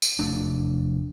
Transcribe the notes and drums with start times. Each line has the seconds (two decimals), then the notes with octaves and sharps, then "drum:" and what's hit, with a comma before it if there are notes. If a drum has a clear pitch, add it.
0.02 drum: tambourine
0.19 F1 E2 A3 D4